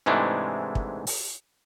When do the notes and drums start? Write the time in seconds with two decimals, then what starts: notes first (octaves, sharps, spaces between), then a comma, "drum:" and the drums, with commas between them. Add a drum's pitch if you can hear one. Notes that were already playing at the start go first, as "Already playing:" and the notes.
0.06 G#2 C3 E3 G#3 A3 D4
0.75 drum: kick
1.07 drum: open hi-hat